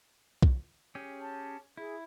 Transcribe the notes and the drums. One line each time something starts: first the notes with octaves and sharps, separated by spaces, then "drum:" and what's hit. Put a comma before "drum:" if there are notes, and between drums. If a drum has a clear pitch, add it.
drum: kick B1
C#4 G4 G#4
A5
E4 G#4